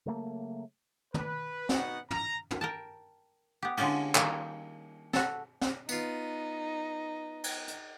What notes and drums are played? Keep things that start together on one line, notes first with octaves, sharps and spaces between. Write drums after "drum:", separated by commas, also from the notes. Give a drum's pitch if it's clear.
C#3 F#3 A3 A#3
B4, drum: tom
B3 D#4 F#4 F#5, drum: snare
A#5, drum: tom
drum: tom
A#4 G5 A5
B3 G4
D3 G#3 C#4 F4 G4, drum: cymbal
D#3 G3 A#3 G#4 A#4, drum: clap
F#4 A4, drum: snare
drum: snare
B3 D#4 F4, drum: tambourine
drum: cymbal
drum: hi-hat